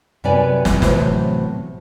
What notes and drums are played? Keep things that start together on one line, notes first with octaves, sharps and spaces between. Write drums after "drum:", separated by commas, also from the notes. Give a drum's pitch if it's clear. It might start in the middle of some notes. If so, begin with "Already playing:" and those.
F#2 C3 B3 B4 D5 G#5
drum: snare
A2 C3 E3 F#3 B3 C5, drum: snare